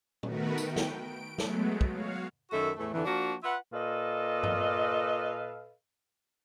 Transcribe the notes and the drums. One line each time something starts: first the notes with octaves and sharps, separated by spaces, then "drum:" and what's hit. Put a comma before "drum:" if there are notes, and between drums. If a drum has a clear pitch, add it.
D#3 A3 B3 F#4 A#4 B4, drum: tom A#2
G5, drum: tambourine
drum: snare
D7
F#3 G#3 A3 B3, drum: snare
drum: kick
F#4 C#5 F5
F#2 D#3 F#4 A4 E5
E2 A2 A3
F2 D3 E3
F3 A#3 D4 F#4 A#4
F4 B4 E5 F#5
A#2 A4 B4 D#5 F5
drum: tom G2